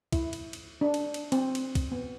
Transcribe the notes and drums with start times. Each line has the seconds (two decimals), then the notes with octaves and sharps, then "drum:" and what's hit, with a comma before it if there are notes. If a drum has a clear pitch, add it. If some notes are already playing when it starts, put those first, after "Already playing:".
0.13 E4, drum: kick, cymbal
0.33 drum: cymbal
0.53 drum: cymbal
0.81 D4
0.94 drum: cymbal
1.14 drum: cymbal
1.32 C4, drum: cymbal
1.55 drum: cymbal
1.75 drum: kick, cymbal
1.92 B3